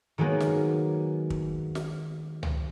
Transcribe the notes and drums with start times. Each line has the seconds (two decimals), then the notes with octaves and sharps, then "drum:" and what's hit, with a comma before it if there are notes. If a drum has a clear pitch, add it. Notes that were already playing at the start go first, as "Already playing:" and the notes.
0.18 D#3 F#3 G#3 A#3 B3
0.40 drum: snare
1.30 drum: kick
1.75 drum: snare
2.43 drum: tom C#2